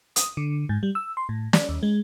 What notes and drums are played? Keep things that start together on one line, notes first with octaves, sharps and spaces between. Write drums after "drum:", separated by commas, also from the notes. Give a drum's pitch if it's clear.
D#6, drum: hi-hat
D3
G#2
G3
E6
C6
A2
D5, drum: snare
D#2
G#3